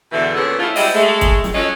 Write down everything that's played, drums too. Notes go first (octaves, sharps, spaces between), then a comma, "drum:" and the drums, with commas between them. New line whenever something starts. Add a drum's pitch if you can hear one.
E2 B2 D3 E3
A#2 D3 B3 C#4 G#4 A4
A3 E4 F4
G3 G#3 C4 E4 F#4 D#5, drum: open hi-hat
G#3 A3
drum: kick, hi-hat
drum: snare
C#4 F4 F#4 A4 D#5